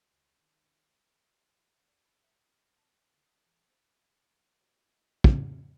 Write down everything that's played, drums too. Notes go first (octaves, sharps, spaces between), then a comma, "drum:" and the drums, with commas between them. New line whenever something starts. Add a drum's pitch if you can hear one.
C#2
D#3
D#3
D5
B5
E5
G6
F6
A5
A#6
D3
D#6
E3
C5
D6
B2 D#4 F#4 G4 C#5
A#3 E4 D#5
drum: kick